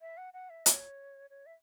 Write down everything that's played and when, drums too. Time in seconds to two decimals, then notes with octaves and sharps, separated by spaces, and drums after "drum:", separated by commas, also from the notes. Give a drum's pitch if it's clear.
0.01 E5
0.17 F#5
0.33 F#5
0.50 E5
0.66 C#5, drum: hi-hat
1.30 C#5
1.46 E5